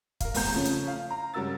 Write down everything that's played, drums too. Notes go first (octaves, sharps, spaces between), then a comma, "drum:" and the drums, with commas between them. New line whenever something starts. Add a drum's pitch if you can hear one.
A#4 F5, drum: kick, hi-hat
E2 A2 B3 A#5 G6, drum: open hi-hat
C#3 F3 A3 C#4
drum: hi-hat
F5
A#5
G2 C#3 F#4 A#4 E6 A6